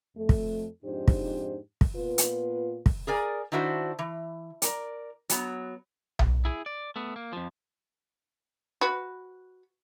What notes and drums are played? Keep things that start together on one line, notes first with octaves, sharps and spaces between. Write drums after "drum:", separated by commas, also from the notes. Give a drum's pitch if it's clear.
F2 A3 A4
drum: kick
F2 G#2 D4 D#4 G4 C5
drum: kick
drum: kick
A#2 B3 F4 B4
drum: hi-hat
drum: kick
G#4 A#4 D5 G#5
D#3 D4 E4 F#4 B4 C5
E3
A#4 D5, drum: hi-hat
F#3 B3, drum: hi-hat
drum: tom B1
E4 G#4
D5
A3 B3
A#3
F2 F3
F#4 B4